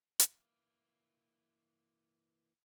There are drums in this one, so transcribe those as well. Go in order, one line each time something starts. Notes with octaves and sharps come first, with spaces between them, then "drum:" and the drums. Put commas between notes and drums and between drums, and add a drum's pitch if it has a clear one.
E3 A#3, drum: hi-hat